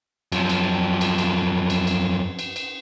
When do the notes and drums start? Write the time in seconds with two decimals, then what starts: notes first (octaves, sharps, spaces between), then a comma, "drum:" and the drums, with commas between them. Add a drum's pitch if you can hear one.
0.32 F#2 F3, drum: cymbal
0.49 drum: cymbal
1.01 drum: cymbal
1.18 drum: cymbal
1.70 drum: cymbal
1.87 drum: cymbal
2.39 drum: cymbal
2.56 drum: cymbal